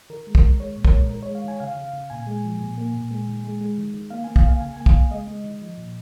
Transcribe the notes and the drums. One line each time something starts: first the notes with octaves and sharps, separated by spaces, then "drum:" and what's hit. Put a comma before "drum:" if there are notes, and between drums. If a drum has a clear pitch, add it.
D#3 A#4
G#3
A#4, drum: kick
D#3
G#3 C#5
A#2
A#4, drum: kick
G#3
D#3 A#4
C#5
G#3
F5
D#3 G#5
C#3 F5
C#3
C#3
A#2 G#5
G#3
F3
A#2
A#3
A#2
G#3
D#3
G#3
G#3
D#3
D#3
A#3 F5
A#3 G#5
F5, drum: kick
A#3
F5
C#3 G#5
A#3 G#5
F5, drum: kick
C#3
G#3 D#5
G#3
D#3
F3
A#2